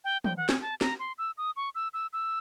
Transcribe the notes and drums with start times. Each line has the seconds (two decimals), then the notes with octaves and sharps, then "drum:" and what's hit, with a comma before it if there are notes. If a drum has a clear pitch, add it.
0.04 G5
0.24 G5, drum: tom
0.37 F#5
0.49 G#5, drum: snare
0.62 A5
0.81 A#5, drum: snare
0.99 C6
1.18 E6
1.38 D#6
1.56 C#6
1.75 E6
1.94 E6
2.13 E6